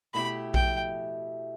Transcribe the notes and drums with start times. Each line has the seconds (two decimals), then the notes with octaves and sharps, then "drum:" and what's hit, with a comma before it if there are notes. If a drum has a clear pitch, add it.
0.14 B2 A3 E4 G4 B5
0.54 G5, drum: kick A#1